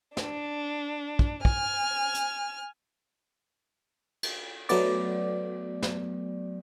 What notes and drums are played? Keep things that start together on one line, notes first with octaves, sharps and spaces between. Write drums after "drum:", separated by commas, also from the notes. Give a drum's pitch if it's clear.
D4, drum: snare
drum: kick
G#5 F6, drum: kick
drum: hi-hat
drum: cymbal
F#3 A3 B3 D5, drum: cymbal
drum: snare